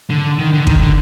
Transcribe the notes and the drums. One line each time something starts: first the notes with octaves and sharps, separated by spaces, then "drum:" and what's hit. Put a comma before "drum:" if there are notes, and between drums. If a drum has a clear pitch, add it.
D3
D#3
D3
D#3, drum: kick
D3